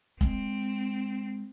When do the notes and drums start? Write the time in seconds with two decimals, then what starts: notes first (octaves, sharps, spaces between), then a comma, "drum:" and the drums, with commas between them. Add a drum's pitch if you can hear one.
0.21 G#3 C4, drum: kick